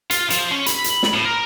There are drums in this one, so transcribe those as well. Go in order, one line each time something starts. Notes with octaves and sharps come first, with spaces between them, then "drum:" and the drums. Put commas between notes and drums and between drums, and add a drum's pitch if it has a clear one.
F4, drum: hi-hat
F3, drum: hi-hat
C#4
B5, drum: hi-hat
drum: hi-hat
drum: snare
A2
A#4